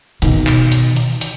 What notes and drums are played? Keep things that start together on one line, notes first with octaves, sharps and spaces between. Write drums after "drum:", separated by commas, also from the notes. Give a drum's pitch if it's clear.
B2 D#3, drum: hi-hat
drum: clap
drum: hi-hat
drum: hi-hat
drum: hi-hat